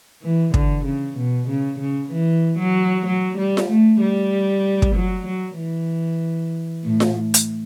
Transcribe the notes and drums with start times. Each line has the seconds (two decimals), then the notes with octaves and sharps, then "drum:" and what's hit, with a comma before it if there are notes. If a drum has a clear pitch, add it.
0.22 E3
0.54 D3, drum: kick
0.84 C#3
1.16 B2
1.48 C#3
1.79 C#3
2.11 E3
2.58 F#3
3.06 F#3
3.37 G3
3.57 drum: snare F4
3.69 A3
4.00 G3
4.82 drum: kick
4.95 F#3
5.26 F#3
5.58 E3
6.84 A2
7.00 drum: snare F4
7.34 drum: hi-hat